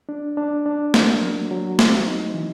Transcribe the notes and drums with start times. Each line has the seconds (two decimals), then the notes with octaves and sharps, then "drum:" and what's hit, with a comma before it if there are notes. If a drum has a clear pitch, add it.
0.09 D4
0.37 D4
0.66 D4
0.94 A#3, drum: snare
1.21 F#3
1.51 F#3
1.79 C4, drum: snare
2.06 D#4
2.34 E3